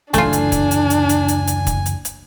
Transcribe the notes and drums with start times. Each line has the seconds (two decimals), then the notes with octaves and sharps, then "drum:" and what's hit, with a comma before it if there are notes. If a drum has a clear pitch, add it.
0.14 F#1 D2 E3 A3 D4 F4 G#5, drum: hi-hat
0.33 drum: hi-hat
0.52 drum: kick, hi-hat
0.71 drum: hi-hat
0.90 drum: hi-hat
1.09 drum: hi-hat
1.28 drum: hi-hat
1.48 drum: hi-hat
1.67 drum: kick, hi-hat
1.86 drum: hi-hat
2.05 drum: hi-hat